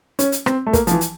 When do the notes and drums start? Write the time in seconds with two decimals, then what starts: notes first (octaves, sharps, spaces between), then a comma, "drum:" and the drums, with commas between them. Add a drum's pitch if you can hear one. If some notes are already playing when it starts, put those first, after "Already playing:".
0.19 C#4, drum: hi-hat
0.32 drum: hi-hat
0.46 C4, drum: rim click
0.66 A3
0.73 A#3, drum: kick, hi-hat
0.87 F3, drum: hi-hat
0.91 E3
1.01 drum: hi-hat